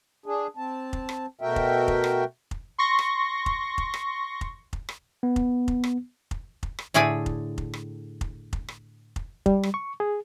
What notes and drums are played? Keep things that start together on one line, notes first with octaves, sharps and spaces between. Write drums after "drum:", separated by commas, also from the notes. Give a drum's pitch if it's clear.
D4 G#4
C4 A5
drum: kick F1
drum: rim click
B2 A3 F#4 A#4 E5 G5
drum: kick F1
drum: kick F1
drum: rim click
drum: kick F1
C6 C#6 A#6
drum: rim click
drum: kick F1
drum: kick F1
drum: rim click
drum: kick F1
drum: kick F1
drum: rim click
B3
drum: kick F1
drum: kick F1
drum: rim click
drum: kick F1
drum: kick F1
drum: rim click
A2 D3 A3 G#4 D5 G#5
drum: kick F1
drum: kick F1
drum: rim click
drum: kick F1
drum: kick F1
drum: rim click
drum: kick F1
G3, drum: kick F1
drum: rim click
C#6
G#4